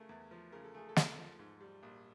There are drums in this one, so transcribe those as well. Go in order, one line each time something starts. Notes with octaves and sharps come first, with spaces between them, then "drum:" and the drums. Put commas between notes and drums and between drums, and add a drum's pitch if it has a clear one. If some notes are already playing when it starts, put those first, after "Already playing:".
Already playing: C#3 A3 A#4
E2
F3
C#3 A#4
A4
A3 G#4
A4
E2, drum: snare
F3
G#2
G3
A#1